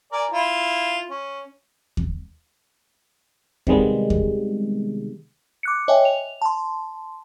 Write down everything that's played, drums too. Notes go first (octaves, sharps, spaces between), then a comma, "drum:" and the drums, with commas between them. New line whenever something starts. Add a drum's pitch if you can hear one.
A#4 D5 G#5
E4 F4
C#4
drum: kick D#2
C3 D#3 G3 G#3 B3, drum: kick D#2
drum: kick D#2
D6 F#6 C#7
C#5 D#5 E5 G5 G#5
F7
A5 C6